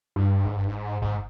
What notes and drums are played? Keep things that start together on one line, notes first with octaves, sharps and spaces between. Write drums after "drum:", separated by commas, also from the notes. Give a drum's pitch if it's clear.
G2
G#2, drum: kick F#1
G2
G#2
G#2, drum: kick F#1